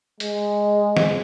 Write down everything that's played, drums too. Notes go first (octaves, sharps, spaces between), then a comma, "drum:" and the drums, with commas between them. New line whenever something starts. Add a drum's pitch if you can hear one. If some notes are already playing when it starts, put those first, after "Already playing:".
G#3, drum: hi-hat
drum: snare